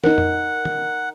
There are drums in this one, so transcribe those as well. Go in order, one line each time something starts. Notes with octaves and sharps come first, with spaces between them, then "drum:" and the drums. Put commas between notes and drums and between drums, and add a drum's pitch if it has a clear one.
D#4 A#4 F#5, drum: snare
drum: tom F2
drum: tom